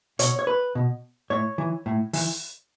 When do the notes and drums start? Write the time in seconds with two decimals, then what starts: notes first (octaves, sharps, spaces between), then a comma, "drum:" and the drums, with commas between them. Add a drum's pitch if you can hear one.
0.19 B2 C#5, drum: hi-hat
0.39 C#5
0.47 B4
0.75 B2
1.30 A2 C#5
1.58 E3
1.86 A2
2.13 E3, drum: open hi-hat